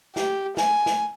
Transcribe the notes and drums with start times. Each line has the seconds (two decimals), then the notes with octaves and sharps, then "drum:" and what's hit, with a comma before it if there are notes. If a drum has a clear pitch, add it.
0.16 G4, drum: snare
0.57 G#5, drum: snare
0.86 drum: snare